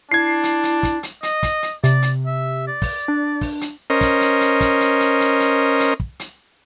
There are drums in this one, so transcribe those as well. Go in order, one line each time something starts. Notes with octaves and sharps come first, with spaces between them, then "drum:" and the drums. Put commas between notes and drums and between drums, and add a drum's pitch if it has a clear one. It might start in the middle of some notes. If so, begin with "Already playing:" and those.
D4 E4 G#6 C7
drum: hi-hat
drum: hi-hat
drum: kick, hi-hat
drum: hi-hat
D#5, drum: hi-hat
drum: kick, hi-hat
drum: hi-hat
C3 D5, drum: hi-hat
drum: hi-hat
E5
D5
drum: kick, open hi-hat
D4
drum: kick, open hi-hat
drum: hi-hat
C#4 A#4 C5 D#5
drum: kick, hi-hat
drum: hi-hat
drum: hi-hat
drum: kick, hi-hat
drum: hi-hat
drum: hi-hat
drum: hi-hat
drum: hi-hat
drum: hi-hat
drum: kick
drum: hi-hat